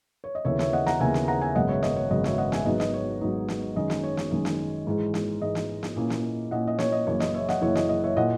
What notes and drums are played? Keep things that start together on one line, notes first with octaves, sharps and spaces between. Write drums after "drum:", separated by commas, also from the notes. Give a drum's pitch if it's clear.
C#5
D#5
D#2 C#3 E3 B3 C#5 E5
C#5 E5, drum: snare
D#5 F#5
F#5 A#5, drum: snare
D#2 C#3 E3 B3 E5 G#5
drum: snare
F#5 A#5
E5 G#5
G#1 F#2 C#3 G#3 B3 D#5 F#5
C#5 E5
D#5, drum: snare
C#5
G#1 F#2 C#3 G#3 B3 D#5
C#5 E5, drum: snare
D#5 F#5
E5 G#5, drum: snare
G#2 F#3 B3 D#4 D#5
D#5, drum: snare
C#5
G#2 F#3 B3 D#4
drum: snare
F#2 D#3 G#3 C#4 D#5
drum: snare
C#5
drum: snare
F#2 D#3 G#3 C#4
drum: snare
G#2 E3 G#3
drum: snare
G#2 E3 G#3 D#5
drum: snare
drum: snare
A#2 A#3 C#4 E4
drum: snare
A#2 A#3 C#4 E4 D#5 F#5
D#5
C#5, drum: snare
D#5
F#1 F#2 E3 A#3 E4 C#5
D#5, drum: snare
C#5 E5
D#5 F#5, drum: snare
F#1 F#2 E3 A#3 E4 C#5 E5
D#5, drum: snare
D#5
C#5 E5
A#2 A#3 E4 D#5 F#5